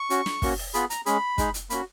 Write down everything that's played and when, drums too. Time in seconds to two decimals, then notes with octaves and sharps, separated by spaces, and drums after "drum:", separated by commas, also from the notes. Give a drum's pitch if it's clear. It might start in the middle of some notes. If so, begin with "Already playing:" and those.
Already playing: C#6
0.10 C#4 F#4, drum: hi-hat
0.26 drum: snare
0.42 A#3 C#4 F#4, drum: kick, open hi-hat
0.58 drum: open hi-hat
0.74 B3 F4 G#4 B5, drum: hi-hat
0.90 A#5, drum: hi-hat
1.06 G#3 C#4 G#4 B5, drum: hi-hat
1.38 G#3 D#4 G#4, drum: kick, hi-hat
1.54 drum: hi-hat
1.70 A#3 C#4 F#4 B5, drum: hi-hat